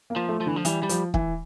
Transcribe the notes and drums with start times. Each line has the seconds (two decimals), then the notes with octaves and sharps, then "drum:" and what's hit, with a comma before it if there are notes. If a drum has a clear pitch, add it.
0.10 A#3
0.16 F3
0.29 A3
0.40 F3
0.46 D3 E3
0.56 F3
0.65 E3 G3, drum: hi-hat
0.83 G3
0.89 F3, drum: hi-hat
1.14 E3, drum: kick